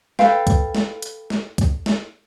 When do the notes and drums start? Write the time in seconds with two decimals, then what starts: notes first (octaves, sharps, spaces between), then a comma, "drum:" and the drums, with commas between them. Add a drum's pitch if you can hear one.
0.19 A4 B4 F5 G5, drum: snare
0.47 drum: kick C#2, hi-hat
0.75 drum: snare
1.02 drum: hi-hat
1.30 drum: snare
1.58 drum: kick C#2, hi-hat
1.86 drum: snare